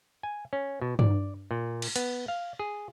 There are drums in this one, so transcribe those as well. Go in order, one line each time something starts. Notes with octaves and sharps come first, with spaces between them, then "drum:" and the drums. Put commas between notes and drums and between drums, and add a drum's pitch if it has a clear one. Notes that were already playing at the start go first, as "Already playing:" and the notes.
G#5
C#4
B2
D5, drum: tom G2
A#2
drum: cymbal
B3, drum: hi-hat
F5
G#4